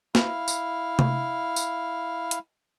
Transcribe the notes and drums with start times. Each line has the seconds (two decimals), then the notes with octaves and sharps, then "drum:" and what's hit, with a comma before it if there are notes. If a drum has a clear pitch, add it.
0.15 E4 F5, drum: snare
0.48 drum: tambourine
0.99 drum: tom C3
1.56 drum: tambourine
2.31 drum: hi-hat